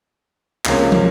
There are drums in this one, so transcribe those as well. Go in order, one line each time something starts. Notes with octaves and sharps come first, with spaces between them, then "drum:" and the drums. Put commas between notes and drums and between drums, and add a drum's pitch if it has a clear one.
C#2 C3 F3 A#3 C#4, drum: clap
drum: tom